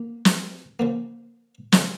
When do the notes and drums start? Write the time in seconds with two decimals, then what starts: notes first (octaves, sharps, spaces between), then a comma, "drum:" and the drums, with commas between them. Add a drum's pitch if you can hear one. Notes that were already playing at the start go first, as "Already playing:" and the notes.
Already playing: A#3
0.25 drum: snare
0.79 C#3 F3 A#3
1.72 C#3 G#3 C#4 F4, drum: snare